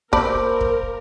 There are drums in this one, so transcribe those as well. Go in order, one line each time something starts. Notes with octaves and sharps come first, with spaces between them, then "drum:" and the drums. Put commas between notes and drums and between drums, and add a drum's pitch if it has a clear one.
A#3 A#4 C5 D5 A5 B5 D6, drum: kick
drum: kick